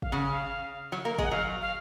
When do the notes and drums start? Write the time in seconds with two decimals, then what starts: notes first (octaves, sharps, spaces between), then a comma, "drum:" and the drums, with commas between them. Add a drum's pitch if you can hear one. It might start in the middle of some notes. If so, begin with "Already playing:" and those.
0.02 F5, drum: kick
0.12 C#3 F#5
0.32 F5
0.92 F#3
1.05 A#3
1.18 G#3, drum: kick
1.24 F#5
1.31 F#3 F5
1.61 F5